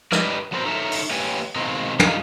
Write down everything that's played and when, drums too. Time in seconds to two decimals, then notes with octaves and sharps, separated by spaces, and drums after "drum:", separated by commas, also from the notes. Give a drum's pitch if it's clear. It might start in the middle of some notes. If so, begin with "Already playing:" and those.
0.12 G4 A#4 B4 D5 D#5, drum: rim click
0.52 F#3 B3 C4 A4 A#4 C5
0.66 D#4 A4 A#4 C#5 E5 A5
0.91 drum: open hi-hat
1.10 A#3 G4 B4 C#5 G5 G#5
1.56 B2 D#3 G#3 A#3 C4
1.99 G3 G#3 D#4 F4, drum: tom